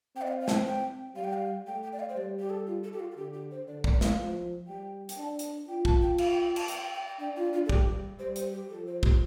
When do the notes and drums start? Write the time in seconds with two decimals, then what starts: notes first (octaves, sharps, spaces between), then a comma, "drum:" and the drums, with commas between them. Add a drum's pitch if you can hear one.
0.16 C4 G5
0.22 D5
0.28 F5
0.41 F5
0.48 A5, drum: snare
0.53 G5
0.65 G5
1.15 G3 F5
1.24 G5
1.33 F5
1.66 A3 G5
1.83 G5
1.93 D5
1.99 F5
2.09 C5
2.16 G3 D5
2.39 G4
2.50 A4
2.67 F4
2.84 A4
2.93 G4
3.00 F4
3.12 A4
3.16 D3 G4
3.33 G4
3.51 C5
3.67 D3 D5
3.84 D5, drum: kick
4.01 F5, drum: snare
4.18 F3
4.67 G3 G5
5.09 G5, drum: hi-hat
5.17 D4 A5
5.39 drum: hi-hat
5.68 F4 G5
5.85 A5, drum: kick
6.02 G5
6.18 F5, drum: cymbal
6.32 G5
6.43 G5
6.56 A5, drum: cymbal
6.68 G5, drum: hi-hat
6.82 G5
6.94 G5
7.07 G5
7.19 D4 G5
7.36 F4
7.53 F4
7.66 A4
7.69 G3 G4, drum: kick
8.19 G3 C5
8.36 C5, drum: hi-hat
8.52 G4
8.70 F3 A4
8.87 C5
9.03 G4, drum: kick